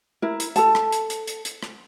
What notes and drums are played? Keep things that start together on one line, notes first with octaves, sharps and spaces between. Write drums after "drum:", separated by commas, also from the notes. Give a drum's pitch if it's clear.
E4 A#4
drum: hi-hat
A4 A5, drum: hi-hat
drum: rim click
drum: hi-hat
drum: hi-hat
drum: hi-hat
drum: hi-hat
drum: rim click